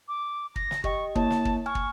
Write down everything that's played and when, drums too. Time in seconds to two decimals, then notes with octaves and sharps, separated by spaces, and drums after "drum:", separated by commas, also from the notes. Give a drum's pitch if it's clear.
0.08 D6
0.56 A#6, drum: kick
0.71 drum: snare
0.84 G4 D#5 G5 C#6, drum: kick
1.15 A#3 E4 C#5 A5, drum: kick
1.30 drum: snare
1.45 drum: kick
1.66 G#5 C#6 F6
1.75 drum: kick